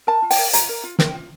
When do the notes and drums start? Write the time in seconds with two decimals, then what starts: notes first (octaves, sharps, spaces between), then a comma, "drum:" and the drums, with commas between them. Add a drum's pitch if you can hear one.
0.07 A#4 A5
0.22 F4
0.30 G5, drum: open hi-hat
0.38 A#4
0.53 F4 A#5, drum: hi-hat
0.69 A#4
0.84 F4
0.99 A#4 G5, drum: snare
1.14 F4